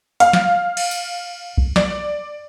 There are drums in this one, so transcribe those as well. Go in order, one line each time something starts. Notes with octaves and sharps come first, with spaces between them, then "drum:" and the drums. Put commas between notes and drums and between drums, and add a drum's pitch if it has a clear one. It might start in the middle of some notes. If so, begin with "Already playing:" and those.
F5, drum: hi-hat
drum: snare
drum: cymbal
drum: tambourine
drum: kick B1
D5, drum: snare